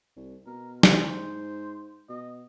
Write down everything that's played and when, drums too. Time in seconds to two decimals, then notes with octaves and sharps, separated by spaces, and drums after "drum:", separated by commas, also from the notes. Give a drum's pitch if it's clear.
0.17 C2
0.46 B2 A#4
0.83 G#2 C5, drum: snare
2.09 B2 D#5